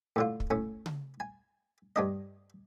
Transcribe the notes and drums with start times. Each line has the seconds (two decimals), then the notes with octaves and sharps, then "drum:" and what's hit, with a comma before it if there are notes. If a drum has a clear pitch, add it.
0.16 A2 D3 F4
0.40 drum: kick
0.50 A2 C#4
0.86 drum: tom C#3
1.20 G#5
1.96 G2 D4 D#5